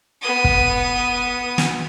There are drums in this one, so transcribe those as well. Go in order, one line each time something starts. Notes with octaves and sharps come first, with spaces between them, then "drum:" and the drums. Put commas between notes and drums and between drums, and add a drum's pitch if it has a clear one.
B3 D#6
drum: kick
drum: snare